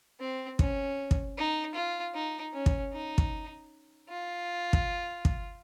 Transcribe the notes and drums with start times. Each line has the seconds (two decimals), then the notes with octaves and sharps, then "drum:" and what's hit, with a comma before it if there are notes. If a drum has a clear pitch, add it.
0.20 C4
0.59 C#4, drum: kick
1.11 drum: kick
1.37 D#4
1.75 F4
2.14 D#4
2.53 C#4
2.66 drum: kick
2.93 D#4
3.18 drum: kick
4.09 F4
4.73 drum: kick
5.25 drum: kick